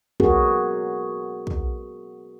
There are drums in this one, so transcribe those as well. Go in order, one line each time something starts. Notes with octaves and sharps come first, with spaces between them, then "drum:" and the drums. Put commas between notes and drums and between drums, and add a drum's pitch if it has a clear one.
B3 C#4 F#4 G#4 A#4, drum: kick
drum: kick